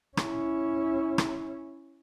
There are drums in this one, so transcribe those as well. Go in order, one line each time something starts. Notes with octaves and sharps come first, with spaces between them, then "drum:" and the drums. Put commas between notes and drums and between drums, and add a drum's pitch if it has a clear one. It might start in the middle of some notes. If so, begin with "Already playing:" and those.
C#4 E4, drum: rim click
drum: rim click